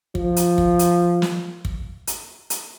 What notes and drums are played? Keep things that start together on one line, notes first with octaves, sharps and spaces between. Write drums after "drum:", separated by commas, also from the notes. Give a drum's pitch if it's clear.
F3, drum: kick
drum: hi-hat
drum: kick
drum: hi-hat
drum: snare
drum: kick
drum: hi-hat
drum: hi-hat